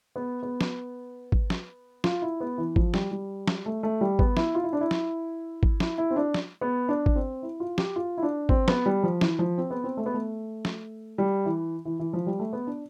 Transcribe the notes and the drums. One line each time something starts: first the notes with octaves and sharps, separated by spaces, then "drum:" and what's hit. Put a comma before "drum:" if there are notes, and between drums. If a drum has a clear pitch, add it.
B3
B3
drum: snare
drum: kick G#1
drum: snare
F4, drum: snare
E4
B3
E3
F3, drum: kick G#1
G3, drum: snare
G3
drum: snare
A3
A3
G3
B3, drum: kick G#1
E4, drum: snare
F4
E4
D4
E4
drum: snare
drum: kick G#1
E4, drum: snare
E4
C4
D4
drum: snare
B3
D4
drum: kick G#1
C4
E4
F4
G4, drum: snare
F4
E4
D4
C4, drum: kick G#1
B3, drum: snare
G3
F3
E3, drum: snare
F3
C4
B3
C4
A3
B3
A3
drum: snare
G3
E3
E3
E3
F3
G3
A3
B3
D4